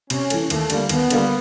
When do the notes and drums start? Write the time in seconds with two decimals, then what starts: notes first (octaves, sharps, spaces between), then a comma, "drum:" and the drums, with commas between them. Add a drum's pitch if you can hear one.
0.10 C3 C#4, drum: cymbal
0.30 E3 A3, drum: cymbal
0.50 D#2 A3, drum: cymbal
0.70 D3 G3 A#3, drum: cymbal
0.89 D#2 B3, drum: cymbal
1.10 D3 G3 A#3, drum: cymbal